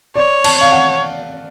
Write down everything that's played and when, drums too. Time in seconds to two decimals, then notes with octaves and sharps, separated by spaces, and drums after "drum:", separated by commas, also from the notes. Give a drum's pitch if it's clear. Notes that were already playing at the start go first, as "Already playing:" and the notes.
0.16 C#5 D5
0.44 A5, drum: cymbal
0.58 C#5 F5
0.72 F#5